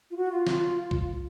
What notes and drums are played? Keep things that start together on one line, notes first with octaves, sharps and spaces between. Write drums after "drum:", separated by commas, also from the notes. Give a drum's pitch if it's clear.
F4
F#4
F4
drum: snare
drum: kick